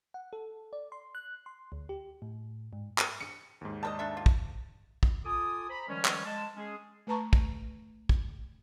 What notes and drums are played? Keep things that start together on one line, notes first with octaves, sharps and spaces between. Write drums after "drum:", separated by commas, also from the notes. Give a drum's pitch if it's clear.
F#5
A4
D5
C6
F#6
C6
D2
G4
A2
G#2
drum: clap
C#7
D#2 G#2
G3 B4 D#5 A5
D4 A4 E5
F4
drum: kick
drum: kick
F4 A4 G#5 D6 D#6
C5 A#5 B5
D#3 F3 G3 G#3 C#4
drum: clap
G#3 A5
G#3 C#4 G#4
A3 B4 A5 A#5 C#6
drum: kick
drum: kick